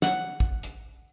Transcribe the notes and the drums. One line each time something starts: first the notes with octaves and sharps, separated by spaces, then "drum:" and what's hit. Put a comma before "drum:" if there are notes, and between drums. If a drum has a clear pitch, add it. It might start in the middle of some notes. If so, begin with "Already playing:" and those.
F#5, drum: snare
drum: kick
drum: hi-hat